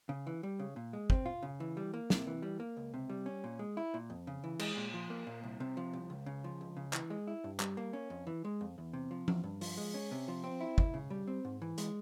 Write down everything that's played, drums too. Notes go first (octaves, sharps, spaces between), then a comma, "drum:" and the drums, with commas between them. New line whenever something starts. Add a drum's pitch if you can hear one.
C#3
E3
G3
C#3
A#2
G#3
C4, drum: kick
F4
C#3
E3
G3
A#3
C3, drum: snare
E3
G3
A#3
C#2
C3
G3
C#4
A#2
G#3
E4
A#2
F2
C#3
E3
G#3, drum: cymbal
A#2
F3
A#3
A#2
C2
C3
F3
C2
C#2
C#3
F3
C#2
C#3
E3, drum: clap
G#3
E4
G2
G3, drum: clap
A#3
C#4
F2
E3
G#3
F2
E2
C3
F3
E2, drum: tom F3
G2
F3, drum: open hi-hat
G#3
C#4
C3
F3
C4
E4
C#2, drum: kick
C#3
G3
C4
G#2
E3
G#3, drum: hi-hat